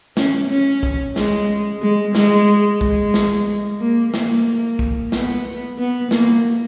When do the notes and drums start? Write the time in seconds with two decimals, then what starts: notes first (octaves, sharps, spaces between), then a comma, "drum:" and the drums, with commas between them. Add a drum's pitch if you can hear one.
0.17 C#4, drum: snare
0.50 C#4
0.83 drum: kick
1.16 G#3, drum: snare
1.82 G#3
2.15 G#3, drum: snare
2.81 G#3, drum: kick
3.14 drum: snare
3.80 A#3
4.14 A#3, drum: snare
4.79 drum: kick
5.12 B3, drum: snare
5.78 B3
6.11 A#3, drum: snare